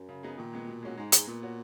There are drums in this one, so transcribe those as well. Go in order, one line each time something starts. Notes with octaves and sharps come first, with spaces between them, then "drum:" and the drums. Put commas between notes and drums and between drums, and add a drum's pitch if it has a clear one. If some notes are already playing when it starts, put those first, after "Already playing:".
Already playing: F#2
C#3
F#3 B3 D#4 G#4
A#2 D#3
G#3 B3
B2
G#3 C#4 F#4
G#2 G#3
D#4 G#4, drum: hi-hat
A#2 B3
F#4 C#5